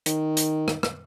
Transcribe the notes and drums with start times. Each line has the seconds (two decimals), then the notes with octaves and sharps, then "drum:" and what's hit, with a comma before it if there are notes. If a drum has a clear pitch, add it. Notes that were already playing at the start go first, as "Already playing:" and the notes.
0.06 D#3, drum: hi-hat
0.37 drum: hi-hat
0.68 drum: rim click
0.83 drum: rim click